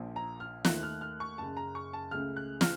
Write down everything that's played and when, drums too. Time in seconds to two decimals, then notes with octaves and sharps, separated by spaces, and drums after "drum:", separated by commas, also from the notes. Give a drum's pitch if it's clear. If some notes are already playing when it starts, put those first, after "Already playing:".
Already playing: A#1 A#2 F3
0.16 A#5
0.40 F6
0.65 D#2 D#3 A3 F#6, drum: snare
0.83 F6
1.01 F6
1.20 C#6
1.38 F#1 F#2 C#3 A5
1.57 A#5
1.75 C#6
1.93 A5
2.11 C#2 C#3 A3 F6
2.36 F#6
2.61 F6, drum: snare